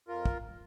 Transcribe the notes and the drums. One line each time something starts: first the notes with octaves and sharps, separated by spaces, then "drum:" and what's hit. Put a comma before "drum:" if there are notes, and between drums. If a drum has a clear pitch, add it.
F2 F4 A#4
drum: kick